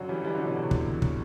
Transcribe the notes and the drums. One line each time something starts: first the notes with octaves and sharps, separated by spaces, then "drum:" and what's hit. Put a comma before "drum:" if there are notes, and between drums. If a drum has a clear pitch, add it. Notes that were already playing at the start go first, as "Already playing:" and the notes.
Already playing: F#2 D3 F#3
E3 G3
E3 G3
D3 F#3
B2 D3
A2 C3
drum: kick
drum: kick